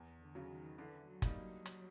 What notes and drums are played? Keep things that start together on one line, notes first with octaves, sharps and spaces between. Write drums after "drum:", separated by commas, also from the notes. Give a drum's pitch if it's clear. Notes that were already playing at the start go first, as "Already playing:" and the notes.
Already playing: E2
D3
C#3 F#3
D#3
D3 E3
F#3
G3 A#3 D#4, drum: kick, hi-hat
F#3
drum: hi-hat